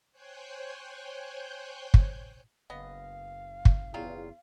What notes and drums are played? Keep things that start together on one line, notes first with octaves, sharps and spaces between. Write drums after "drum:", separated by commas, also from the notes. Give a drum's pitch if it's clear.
C5 C#5 G5 G#5 F#6 G6
drum: kick
F#1 B3 D#5 F5
drum: kick
E2 F#3 G3 F4